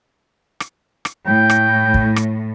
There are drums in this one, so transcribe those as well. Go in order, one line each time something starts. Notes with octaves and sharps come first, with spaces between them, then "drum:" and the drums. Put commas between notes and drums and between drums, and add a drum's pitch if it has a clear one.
drum: rim click
drum: rim click
A2 G5
drum: rim click
drum: kick
drum: rim click